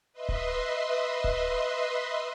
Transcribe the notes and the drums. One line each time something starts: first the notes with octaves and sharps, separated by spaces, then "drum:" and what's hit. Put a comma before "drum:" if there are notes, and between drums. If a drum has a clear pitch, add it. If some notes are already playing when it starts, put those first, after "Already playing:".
B4 D#5 E5 C6
drum: kick D1
drum: kick D1